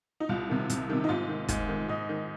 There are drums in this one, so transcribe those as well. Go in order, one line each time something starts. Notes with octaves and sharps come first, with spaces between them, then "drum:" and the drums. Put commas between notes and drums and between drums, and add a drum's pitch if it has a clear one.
D#4
C2 F4
C3 D#3
C2, drum: hi-hat
C3 D#3
D#4
G#2 F4
D#3
G#2, drum: kick, hi-hat
D#3
G#2 D#5
D#3